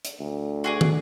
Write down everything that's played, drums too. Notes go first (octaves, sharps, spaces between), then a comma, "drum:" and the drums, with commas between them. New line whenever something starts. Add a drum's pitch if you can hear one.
drum: hi-hat
D2
F#4 G#4 D5
drum: tom